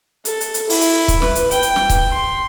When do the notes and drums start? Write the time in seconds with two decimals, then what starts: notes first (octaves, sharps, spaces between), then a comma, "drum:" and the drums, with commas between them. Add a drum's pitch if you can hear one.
0.25 A4, drum: hi-hat
0.41 drum: hi-hat
0.54 drum: hi-hat
0.70 E4, drum: open hi-hat
0.81 drum: hi-hat
1.08 drum: kick C#1, hi-hat
1.22 B4, drum: snare
1.35 drum: hi-hat
1.51 G5, drum: hi-hat
1.62 drum: hi-hat
1.76 drum: snare
1.89 drum: kick C#1, hi-hat
2.11 C6